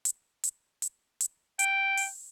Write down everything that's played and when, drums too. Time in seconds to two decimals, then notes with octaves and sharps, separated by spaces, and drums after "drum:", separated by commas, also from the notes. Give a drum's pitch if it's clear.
0.05 drum: hi-hat
0.44 drum: hi-hat
0.82 drum: hi-hat
1.21 drum: hi-hat
1.59 G5, drum: hi-hat
1.97 drum: open hi-hat